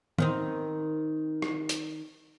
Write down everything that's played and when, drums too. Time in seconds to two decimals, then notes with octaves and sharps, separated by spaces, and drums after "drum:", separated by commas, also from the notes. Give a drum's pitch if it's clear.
0.18 D#3 C4 D#4, drum: tom D#3
1.42 drum: rim click
1.69 drum: hi-hat